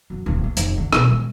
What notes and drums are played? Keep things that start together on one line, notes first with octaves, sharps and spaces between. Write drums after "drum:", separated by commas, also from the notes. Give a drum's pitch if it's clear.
F#2
D1
A3
F1, drum: hi-hat
D3
B2, drum: rim click
G#3